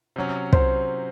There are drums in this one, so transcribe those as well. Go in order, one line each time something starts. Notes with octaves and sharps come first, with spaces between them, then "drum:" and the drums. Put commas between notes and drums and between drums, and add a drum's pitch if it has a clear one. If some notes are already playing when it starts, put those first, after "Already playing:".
C3 F#3 C#4
C5, drum: kick